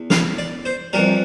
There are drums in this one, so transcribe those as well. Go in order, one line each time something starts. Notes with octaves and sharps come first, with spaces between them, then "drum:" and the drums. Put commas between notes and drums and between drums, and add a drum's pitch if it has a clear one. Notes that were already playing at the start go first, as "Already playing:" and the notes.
Already playing: E2
F5, drum: snare
D5
C5
F2 E3 G3 A#4